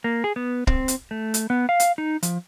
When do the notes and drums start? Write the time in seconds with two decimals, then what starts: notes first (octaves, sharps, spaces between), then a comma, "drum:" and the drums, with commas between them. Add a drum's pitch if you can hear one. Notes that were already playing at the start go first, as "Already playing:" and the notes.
0.04 A#3
0.24 G#4
0.36 B3
0.67 C4, drum: kick
0.88 drum: hi-hat
1.11 A3
1.34 drum: hi-hat
1.50 B3
1.69 F5
1.80 drum: hi-hat
1.98 D#4
2.23 F3, drum: hi-hat